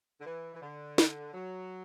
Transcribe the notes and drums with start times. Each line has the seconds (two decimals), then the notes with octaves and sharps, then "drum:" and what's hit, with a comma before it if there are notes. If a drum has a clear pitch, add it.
0.21 D3
0.26 E3
0.54 E3
0.62 D3
0.98 drum: snare
1.34 F#3